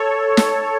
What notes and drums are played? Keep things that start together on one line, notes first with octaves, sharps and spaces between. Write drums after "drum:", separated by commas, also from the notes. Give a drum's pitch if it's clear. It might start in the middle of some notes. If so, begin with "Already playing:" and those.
Already playing: A4 C#5
drum: snare